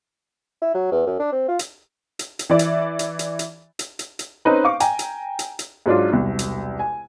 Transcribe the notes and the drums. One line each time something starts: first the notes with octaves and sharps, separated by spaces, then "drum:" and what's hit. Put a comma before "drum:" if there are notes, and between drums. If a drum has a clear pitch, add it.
E4
F#3
E2
F#2
D4
C4
F4
drum: hi-hat
drum: hi-hat
drum: hi-hat
E3 D5 E5
drum: hi-hat
drum: hi-hat
drum: hi-hat
drum: hi-hat
drum: hi-hat
drum: hi-hat
drum: hi-hat
C4 C#4 D#4 B4
F5 C#6 D6
G5 G#5 A#5, drum: hi-hat
drum: hi-hat
drum: hi-hat
drum: hi-hat
G#2 F#3 D4 F4
E1 C2
drum: hi-hat
G#5